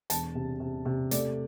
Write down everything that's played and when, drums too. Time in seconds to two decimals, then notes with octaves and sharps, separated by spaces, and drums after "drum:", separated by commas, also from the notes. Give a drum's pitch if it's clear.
0.10 E1 A5, drum: hi-hat
0.35 C3
0.60 C3
0.85 C3
1.11 A3 D5, drum: hi-hat